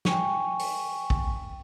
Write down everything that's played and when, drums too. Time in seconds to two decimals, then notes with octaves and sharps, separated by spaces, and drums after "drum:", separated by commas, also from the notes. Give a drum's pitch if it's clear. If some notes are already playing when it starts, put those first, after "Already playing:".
0.05 G5 G#5 C#6, drum: snare
0.59 drum: open hi-hat
1.10 drum: kick